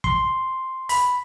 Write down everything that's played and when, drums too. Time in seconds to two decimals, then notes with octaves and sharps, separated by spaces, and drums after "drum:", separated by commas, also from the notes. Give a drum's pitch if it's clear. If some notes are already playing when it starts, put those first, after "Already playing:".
0.04 C6, drum: kick
0.89 B5, drum: open hi-hat